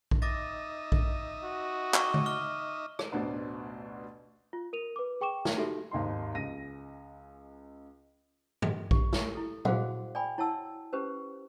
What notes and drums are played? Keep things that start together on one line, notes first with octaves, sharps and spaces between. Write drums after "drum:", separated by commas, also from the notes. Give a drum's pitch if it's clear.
drum: kick A#1
D#4 D#5 E5 D6 A6 A#6
drum: kick A#1
F#4
C#6 D6, drum: clap
drum: tom D3
D6 F6 G7
drum: rim click
A1 D2 B2 D4 C5 F#5
F4
A#4 D#7 F7
B4 D6
G#4 G5 C#6 D6 E7
drum: snare
D#4 F#4 G4 A4 E5
G#1 D#2 D#4 C6
C#2 G#3 A#6 D#7
drum: tom G2
G4, drum: kick A#1
drum: snare
E4 A4
F#4 G#4 C5 F5 F#5, drum: tom
D5 G5 G#5 B5
E4 C#5 F#5 A5 E6
C#4 G4 B4 C5